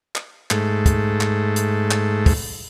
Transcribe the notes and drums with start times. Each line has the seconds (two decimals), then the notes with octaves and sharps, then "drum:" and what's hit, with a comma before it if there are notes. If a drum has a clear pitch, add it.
0.15 drum: clap
0.51 G#2 A3, drum: clap
0.86 drum: kick, hi-hat
1.21 drum: clap
1.56 drum: hi-hat
1.91 drum: clap
2.26 drum: kick, open hi-hat